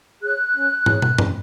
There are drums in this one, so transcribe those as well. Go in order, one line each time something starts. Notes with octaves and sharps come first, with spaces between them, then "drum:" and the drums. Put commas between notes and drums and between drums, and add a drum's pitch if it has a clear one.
G#4 C#5 F#6
C#4
G#4 C#5, drum: tom
drum: tom
C#4, drum: tom G2